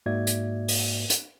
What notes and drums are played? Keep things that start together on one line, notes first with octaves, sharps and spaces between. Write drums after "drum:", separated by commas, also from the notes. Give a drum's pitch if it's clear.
G#2 A#3 F#4 D5 E5 G#6
drum: hi-hat
drum: open hi-hat
drum: hi-hat